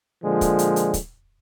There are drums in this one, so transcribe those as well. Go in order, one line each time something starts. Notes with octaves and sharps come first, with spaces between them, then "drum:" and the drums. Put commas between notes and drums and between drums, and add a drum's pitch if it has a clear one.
A#2 D3 F3 G#3
drum: kick, hi-hat
drum: hi-hat
drum: hi-hat
drum: kick, hi-hat